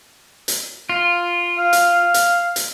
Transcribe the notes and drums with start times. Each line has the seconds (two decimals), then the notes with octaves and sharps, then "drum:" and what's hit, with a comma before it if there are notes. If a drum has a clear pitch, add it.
0.48 drum: hi-hat
0.89 F4
1.58 F5
1.73 drum: hi-hat
2.14 drum: hi-hat
2.56 drum: hi-hat